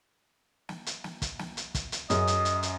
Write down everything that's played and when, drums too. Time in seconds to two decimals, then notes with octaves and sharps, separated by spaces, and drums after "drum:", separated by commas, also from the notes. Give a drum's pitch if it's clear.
0.69 drum: snare
0.86 drum: hi-hat
1.04 drum: snare
1.22 drum: kick, hi-hat
1.39 drum: snare
1.57 drum: hi-hat
1.75 drum: kick, hi-hat
1.92 drum: hi-hat
2.10 F#2 G#4 D#5, drum: hi-hat
2.27 drum: hi-hat
2.45 drum: hi-hat
2.63 drum: hi-hat